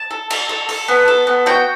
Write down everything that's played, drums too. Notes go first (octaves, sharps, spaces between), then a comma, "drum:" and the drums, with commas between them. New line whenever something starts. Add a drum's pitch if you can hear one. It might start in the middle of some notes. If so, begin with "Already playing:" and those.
Already playing: A5
A4
A4, drum: cymbal
A4
A4, drum: open hi-hat
B3
A4
B3
F#4 G5